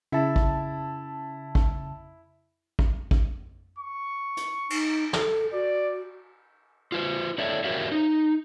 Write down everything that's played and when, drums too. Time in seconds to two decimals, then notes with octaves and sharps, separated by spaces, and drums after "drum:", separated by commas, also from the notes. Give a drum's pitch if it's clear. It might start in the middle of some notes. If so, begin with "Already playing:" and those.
0.12 C#3 E4 A5
0.36 drum: kick
1.55 drum: kick
2.79 drum: kick
3.11 drum: kick
3.79 C#6
4.37 drum: hi-hat
4.70 D#4, drum: cymbal
5.13 A4, drum: snare
5.53 F#4 D5
6.92 F4 B4 C5
7.38 D4 A4 C#5 E5
7.64 F#4 G4 A#4 C#5 E5 F5
7.92 D#4